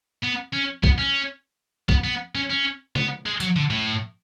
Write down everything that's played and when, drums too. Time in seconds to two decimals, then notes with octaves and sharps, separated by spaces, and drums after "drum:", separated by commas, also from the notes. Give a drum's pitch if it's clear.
0.24 B3
0.54 C#4
0.84 B3, drum: kick
0.98 C#4
1.89 B3, drum: kick
2.04 B3
2.35 C#4
2.50 C#4
2.96 B3, drum: tom
3.26 G#3
3.40 F#3, drum: hi-hat
3.56 D3
3.70 A2